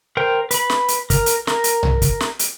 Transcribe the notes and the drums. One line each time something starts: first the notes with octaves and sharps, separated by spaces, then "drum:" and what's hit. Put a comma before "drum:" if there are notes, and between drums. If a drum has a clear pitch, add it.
A#4 C5 G5
B4 B5, drum: hi-hat
drum: snare
drum: hi-hat
A#4, drum: kick, hi-hat
drum: hi-hat
A#4, drum: snare
drum: hi-hat
drum: tom B1
drum: kick, hi-hat
drum: snare
drum: hi-hat